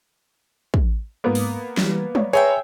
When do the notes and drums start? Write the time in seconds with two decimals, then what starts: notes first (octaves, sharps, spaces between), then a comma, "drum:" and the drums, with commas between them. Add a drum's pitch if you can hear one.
0.74 drum: kick
1.24 G#2 A#3 B3 D6 D#6
1.35 drum: open hi-hat
1.77 E3 G3, drum: snare
2.15 C#5 D5, drum: tom
2.33 G#4 B4 C#5 E5 G5 A#5 C6